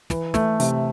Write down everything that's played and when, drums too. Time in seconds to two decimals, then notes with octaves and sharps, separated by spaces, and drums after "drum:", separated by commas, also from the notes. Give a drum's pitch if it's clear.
0.10 E3, drum: snare
0.34 A3, drum: snare
0.60 C3, drum: hi-hat